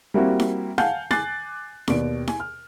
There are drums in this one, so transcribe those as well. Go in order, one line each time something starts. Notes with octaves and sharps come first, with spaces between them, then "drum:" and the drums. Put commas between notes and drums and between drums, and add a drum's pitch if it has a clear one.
G3 A#3 C4 E4 F#4 G4
drum: snare E4
F5 F#5 G#5 A5 G6, drum: snare E4
G#5 D6 F#6 A6 C7 F#7, drum: snare E4
D#2 B2 D5 D7, drum: snare E4
G#5, drum: snare E4
F6